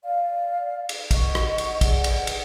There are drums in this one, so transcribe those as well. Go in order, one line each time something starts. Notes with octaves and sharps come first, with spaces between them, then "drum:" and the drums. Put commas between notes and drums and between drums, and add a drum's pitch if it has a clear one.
D5 F5
drum: cymbal
D#5 F#5 C#6, drum: kick, cymbal
drum: rim click
drum: cymbal
G#4 D5 F#5, drum: kick, cymbal
drum: cymbal
drum: cymbal